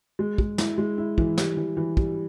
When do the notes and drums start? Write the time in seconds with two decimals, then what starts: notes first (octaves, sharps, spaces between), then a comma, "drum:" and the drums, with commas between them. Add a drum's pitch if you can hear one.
0.19 G#3
0.38 G#3, drum: kick
0.58 E4, drum: snare
0.78 G#3
0.98 E4
1.18 E3, drum: kick
1.38 G3, drum: snare
1.57 E3
1.77 E3
1.97 G3, drum: kick